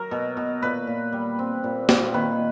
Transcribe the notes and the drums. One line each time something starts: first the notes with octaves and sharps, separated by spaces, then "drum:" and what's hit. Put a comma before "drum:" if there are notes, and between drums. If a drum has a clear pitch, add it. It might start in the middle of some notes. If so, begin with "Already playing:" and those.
Already playing: F#3 A#4
B2
B2
A#2 B4
A#2
G3
C4
A#2
A#2, drum: snare
D#3 B4